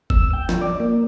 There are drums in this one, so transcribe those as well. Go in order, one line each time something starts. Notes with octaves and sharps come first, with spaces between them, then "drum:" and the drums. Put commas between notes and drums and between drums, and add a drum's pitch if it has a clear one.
E6, drum: kick G1
G5
F3, drum: snare
D5
A#3